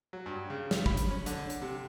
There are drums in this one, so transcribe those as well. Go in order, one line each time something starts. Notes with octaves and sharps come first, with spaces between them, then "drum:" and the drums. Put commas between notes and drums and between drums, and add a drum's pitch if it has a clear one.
F#3
G2
C#3
drum: snare
B5, drum: kick
drum: hi-hat
C#4
D3, drum: hi-hat
drum: hi-hat
C3